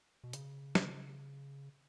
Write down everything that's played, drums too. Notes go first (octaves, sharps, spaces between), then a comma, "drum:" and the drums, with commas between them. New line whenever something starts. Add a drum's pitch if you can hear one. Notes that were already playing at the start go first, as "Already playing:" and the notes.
B2
C#3, drum: hi-hat
drum: snare